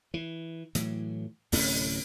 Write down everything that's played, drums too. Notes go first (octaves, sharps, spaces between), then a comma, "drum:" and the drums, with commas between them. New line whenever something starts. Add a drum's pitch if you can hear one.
E3
A2 E3 F#3, drum: hi-hat
D1 A2 C3 C#4, drum: open hi-hat